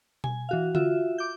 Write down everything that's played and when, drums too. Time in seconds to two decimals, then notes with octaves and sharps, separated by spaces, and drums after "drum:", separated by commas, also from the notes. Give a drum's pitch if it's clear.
0.24 G#5, drum: tom B2
0.49 E3 F#4 F5
0.75 F4 F#4 E5, drum: tom D3
1.18 D6 G6